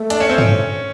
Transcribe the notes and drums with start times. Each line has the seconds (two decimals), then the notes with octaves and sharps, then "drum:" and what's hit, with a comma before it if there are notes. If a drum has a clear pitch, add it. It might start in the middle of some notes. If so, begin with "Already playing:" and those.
Already playing: A3
0.10 D4, drum: hi-hat
0.21 C#4
0.30 C4
0.38 C#4, drum: tom